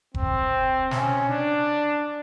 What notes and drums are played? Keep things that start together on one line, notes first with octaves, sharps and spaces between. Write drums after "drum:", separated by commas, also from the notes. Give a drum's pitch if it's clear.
C4, drum: kick F1
C#4, drum: snare
D4